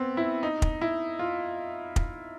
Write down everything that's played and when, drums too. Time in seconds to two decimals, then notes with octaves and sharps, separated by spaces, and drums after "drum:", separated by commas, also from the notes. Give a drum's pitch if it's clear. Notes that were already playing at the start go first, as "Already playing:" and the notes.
Already playing: B3 C4
0.17 E4
0.43 D#4
0.62 drum: kick
0.81 E4
1.19 F4
1.96 drum: kick